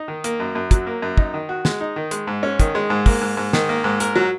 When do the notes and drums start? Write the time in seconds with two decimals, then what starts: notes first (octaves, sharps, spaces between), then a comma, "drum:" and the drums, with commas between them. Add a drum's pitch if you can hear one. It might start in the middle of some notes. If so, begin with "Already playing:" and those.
Already playing: D#4
0.08 D#3
0.24 A#3, drum: hi-hat
0.40 F#2
0.55 F#2
0.71 F#3, drum: kick, hi-hat
0.87 A#3
1.02 F#2
1.17 D#4, drum: kick
1.34 D#3
1.49 F#4
1.65 G#3, drum: snare
1.81 D#4
1.96 D#3
2.11 G#3, drum: hi-hat
2.27 G#2
2.43 C#4
2.60 D#3, drum: kick, hi-hat
2.75 G#3
2.90 G#2
3.06 A#3, drum: kick, open hi-hat
3.21 G#2
3.37 G#2
3.53 D#3, drum: snare
3.69 A#3
3.84 G#2
4.00 A#4, drum: hi-hat
4.16 F#3